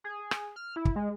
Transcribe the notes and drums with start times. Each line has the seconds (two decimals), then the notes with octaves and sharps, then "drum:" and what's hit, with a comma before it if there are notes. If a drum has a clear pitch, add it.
0.04 G#4
0.31 drum: rim click
0.56 F6
0.76 E4
0.85 drum: kick
0.96 G#3